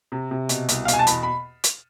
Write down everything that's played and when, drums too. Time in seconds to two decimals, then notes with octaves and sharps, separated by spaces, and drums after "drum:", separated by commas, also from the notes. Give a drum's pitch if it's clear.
0.12 C3
0.31 C3
0.49 B2, drum: hi-hat
0.69 C2, drum: hi-hat
0.85 F5
0.88 B2 G#5, drum: hi-hat
0.99 A5
1.07 E2 B5, drum: hi-hat
1.23 B5
1.64 drum: hi-hat